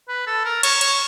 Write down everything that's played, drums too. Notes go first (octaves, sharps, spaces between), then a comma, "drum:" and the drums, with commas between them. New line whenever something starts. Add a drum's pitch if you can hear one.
B4
A4
A#4
C#5, drum: cymbal
C#5, drum: cymbal